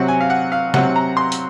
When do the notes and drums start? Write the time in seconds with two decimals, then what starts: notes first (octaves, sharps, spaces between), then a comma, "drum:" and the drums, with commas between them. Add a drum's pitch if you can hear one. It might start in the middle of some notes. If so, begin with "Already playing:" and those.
Already playing: C3 F#3 C4 F#5
0.08 G#5
0.21 F5
0.30 F#5
0.52 F5
0.74 C3 F#3 C4 F#5, drum: snare
0.96 A#5
1.17 C6
1.32 drum: hi-hat